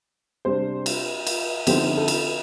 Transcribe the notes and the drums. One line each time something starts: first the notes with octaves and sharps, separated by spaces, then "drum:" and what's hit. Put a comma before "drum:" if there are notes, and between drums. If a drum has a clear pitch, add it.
C3 G3 D4 C5
drum: cymbal
drum: cymbal
D3 F3 C4 D#4 G4, drum: cymbal
A4
drum: cymbal